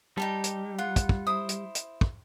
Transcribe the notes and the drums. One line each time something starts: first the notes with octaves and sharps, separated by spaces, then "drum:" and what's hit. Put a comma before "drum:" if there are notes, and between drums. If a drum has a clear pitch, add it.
G3 D#4 G4 A5
drum: hi-hat
F4 F#5
drum: kick, hi-hat
drum: kick
E4 C5 D#6
drum: hi-hat
drum: hi-hat
drum: kick